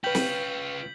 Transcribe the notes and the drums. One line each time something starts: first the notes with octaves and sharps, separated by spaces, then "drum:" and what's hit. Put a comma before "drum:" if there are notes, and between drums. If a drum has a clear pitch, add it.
C#4 F4 B4 G5 G6 B6 F#7
drum: snare